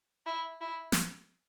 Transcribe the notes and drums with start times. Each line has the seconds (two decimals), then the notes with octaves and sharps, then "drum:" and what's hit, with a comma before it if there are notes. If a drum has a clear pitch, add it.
0.26 E4
0.61 E4
0.92 drum: snare